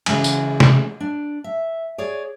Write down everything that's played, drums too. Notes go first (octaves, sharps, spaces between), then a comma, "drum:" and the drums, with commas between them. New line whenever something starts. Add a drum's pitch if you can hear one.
C#3 E3 G#3 G#5, drum: cymbal
drum: tambourine
drum: snare C3
D4
E5
G#4 C#5 D5